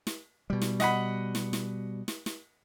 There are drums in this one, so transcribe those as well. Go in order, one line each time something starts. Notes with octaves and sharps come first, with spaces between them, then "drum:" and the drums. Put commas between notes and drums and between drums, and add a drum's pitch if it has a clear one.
drum: snare
B2 G3
drum: snare
D#5 F#5 B5, drum: snare
drum: snare
drum: snare
drum: snare
drum: snare